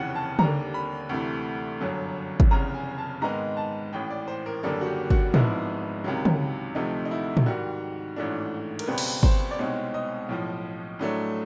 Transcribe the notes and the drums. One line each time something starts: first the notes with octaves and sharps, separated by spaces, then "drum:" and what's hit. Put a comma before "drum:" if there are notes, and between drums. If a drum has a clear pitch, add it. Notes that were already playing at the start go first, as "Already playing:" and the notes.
Already playing: F1 D#2 C#3 E3 F#5 G5
A5
D#2 D3 G3 A#3 A#5, drum: tom
B5
D2 C3 E3 A3
G1 F#2 D3 F#3
drum: kick G1
F1 E2 C#3 A#5
G#5
A5
G#2 D#3 G#3 B3 D#4 A#5
A5
A1 A2 E3 G5
D5
C5
A#4
F#1 F#2 D3 G3 A#3 A4
F#4
G4
F#4, drum: kick G1
G#1 G#2 F3 G#3 B3 E4, drum: tom
C#2 C3 D#3 F#3
drum: tom
D2 C3 F3 A3 D#4
D#4
E4
drum: tom
G#2 D#3 G3 F#4
A1 G#2 E3 A3 D4
A#4, drum: cymbal
C#2 B2 G3 C4 B4
drum: cymbal
C5, drum: kick G1
D5
C2 B2 G#3 C4 D#4 C#5
D#5
B1 A2 F3
A2 F#3 A3 D4